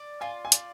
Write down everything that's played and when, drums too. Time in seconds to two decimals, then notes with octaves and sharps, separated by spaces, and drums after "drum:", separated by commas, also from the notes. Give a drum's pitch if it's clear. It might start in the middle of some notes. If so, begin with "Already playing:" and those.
Already playing: D5
0.21 F4 G#5
0.45 G#5
0.52 D5, drum: hi-hat